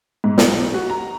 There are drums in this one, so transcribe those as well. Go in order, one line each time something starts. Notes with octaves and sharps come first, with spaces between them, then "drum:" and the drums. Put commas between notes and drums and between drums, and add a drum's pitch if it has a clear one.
G#2
B1, drum: snare
F#4
A#5